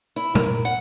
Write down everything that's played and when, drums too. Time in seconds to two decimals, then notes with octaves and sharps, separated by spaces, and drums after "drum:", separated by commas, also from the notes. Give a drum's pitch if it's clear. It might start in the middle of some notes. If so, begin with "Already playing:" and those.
0.16 E4
0.35 A#4, drum: tom
0.65 F#5